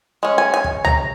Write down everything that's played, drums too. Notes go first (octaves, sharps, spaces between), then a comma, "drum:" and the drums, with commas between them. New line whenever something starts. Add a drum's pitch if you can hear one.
G#3 C#4
G#5
G#5
drum: kick
A#5, drum: tom C#2